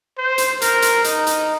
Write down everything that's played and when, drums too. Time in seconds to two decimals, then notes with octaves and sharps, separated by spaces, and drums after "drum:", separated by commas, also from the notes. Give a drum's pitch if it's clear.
0.18 C5
0.38 drum: hi-hat
0.61 A#4, drum: hi-hat
0.82 drum: hi-hat
1.04 D#4, drum: hi-hat
1.27 drum: hi-hat